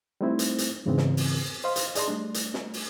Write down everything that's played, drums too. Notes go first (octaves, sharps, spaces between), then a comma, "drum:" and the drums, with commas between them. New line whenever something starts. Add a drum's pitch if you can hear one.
G3 A3 C4 D#4 E4 C5
drum: hi-hat
drum: hi-hat
E2 G#2 C#3 E3 B3 C4
drum: snare
drum: open hi-hat
C5 D#5 F5 C6
drum: hi-hat
G#4 D5 D#5 A5 C6, drum: hi-hat
G3 A3 D4
drum: hi-hat
drum: snare
drum: open hi-hat